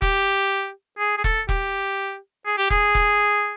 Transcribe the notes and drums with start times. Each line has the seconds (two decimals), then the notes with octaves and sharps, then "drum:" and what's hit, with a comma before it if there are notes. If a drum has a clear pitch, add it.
0.02 G4, drum: kick E1
0.99 G#4
1.18 G#4
1.24 A4, drum: kick E1
1.49 G4, drum: kick E1
2.46 G#4
2.58 G4
2.70 G#4, drum: kick E1
2.95 drum: kick E1